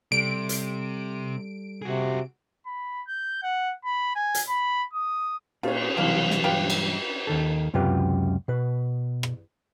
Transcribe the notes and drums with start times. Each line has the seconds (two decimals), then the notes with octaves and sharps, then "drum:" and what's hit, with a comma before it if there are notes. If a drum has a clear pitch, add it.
0.12 C3 G3 A4 D7
0.49 drum: hi-hat
1.82 C3 F#4 G#4
2.66 B5
3.08 G6
3.43 F#5
3.85 B5
4.15 G#5
4.35 drum: hi-hat
4.49 B5
4.93 D#6
5.63 A#2 F4 C#5, drum: cymbal
5.97 C2 B2 E3 F#3 D4 F5
6.31 drum: snare
6.44 G2 F4 G4 B4
6.70 drum: cymbal
7.27 D#2 D#3 A4
7.74 C#2 F#2 C3 F4 G4 B4
8.48 B2 B4
9.23 drum: rim click